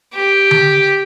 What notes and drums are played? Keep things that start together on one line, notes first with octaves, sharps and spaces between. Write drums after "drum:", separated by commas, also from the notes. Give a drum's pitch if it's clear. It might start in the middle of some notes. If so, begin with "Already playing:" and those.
G4
drum: tom D3